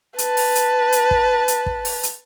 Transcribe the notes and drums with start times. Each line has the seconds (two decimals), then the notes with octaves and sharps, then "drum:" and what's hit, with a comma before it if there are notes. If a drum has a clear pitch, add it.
0.18 B4 A5, drum: hi-hat
0.37 drum: open hi-hat
0.55 drum: hi-hat
0.92 drum: hi-hat
1.11 drum: kick
1.48 drum: hi-hat
1.66 drum: kick
1.85 drum: open hi-hat
2.03 drum: hi-hat